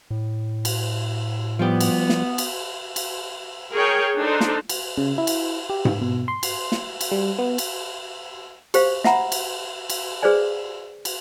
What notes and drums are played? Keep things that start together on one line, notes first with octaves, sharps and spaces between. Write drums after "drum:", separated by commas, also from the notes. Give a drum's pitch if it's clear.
A2
drum: cymbal
F3 G3 B3 G4
drum: cymbal
drum: snare
drum: cymbal
drum: cymbal
G#4 A#4 C#5 G5
D4 D#4 A4 C5
drum: snare
drum: cymbal
C#3
E4
drum: cymbal
G4
drum: tom G#2
B2
C6
drum: cymbal
drum: snare
drum: cymbal
G3
B3
drum: cymbal
G4 C5 F5, drum: cymbal
E5 F#5 A#5 B5, drum: snare
drum: cymbal
drum: cymbal
G#4 B4 C5 D5 G#5
drum: cymbal